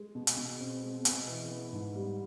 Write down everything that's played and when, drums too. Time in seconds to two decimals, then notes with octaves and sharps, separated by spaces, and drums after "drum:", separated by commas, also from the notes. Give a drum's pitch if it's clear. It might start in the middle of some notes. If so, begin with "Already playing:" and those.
Already playing: G#3
0.15 B2
0.27 drum: hi-hat
0.37 B2
0.60 C4
0.82 G#3
1.05 B2, drum: hi-hat
1.28 E3
1.50 B3
1.72 G#2
1.95 G3